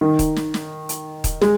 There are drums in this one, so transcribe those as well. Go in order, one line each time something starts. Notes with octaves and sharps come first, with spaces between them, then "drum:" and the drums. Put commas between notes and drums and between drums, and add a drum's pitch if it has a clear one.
D#3
drum: kick D#1, hi-hat
drum: snare
drum: snare
drum: hi-hat
drum: kick D#1, hi-hat
G#3, drum: snare